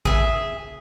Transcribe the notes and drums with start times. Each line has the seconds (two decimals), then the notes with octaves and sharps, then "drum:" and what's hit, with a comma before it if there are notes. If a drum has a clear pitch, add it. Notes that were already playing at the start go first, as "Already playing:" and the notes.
0.05 G#4 E5, drum: kick A1